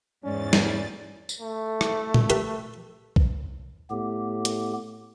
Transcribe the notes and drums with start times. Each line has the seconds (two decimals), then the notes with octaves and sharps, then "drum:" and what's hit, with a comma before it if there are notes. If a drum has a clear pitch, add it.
0.24 E2 G#2 C#4 D5 A6
0.53 drum: snare
1.29 drum: tambourine
1.40 A3
1.81 drum: rim click
2.14 drum: tom
2.30 G4 B4, drum: hi-hat
3.16 drum: kick B1
3.91 A2 B3 G4
4.45 drum: hi-hat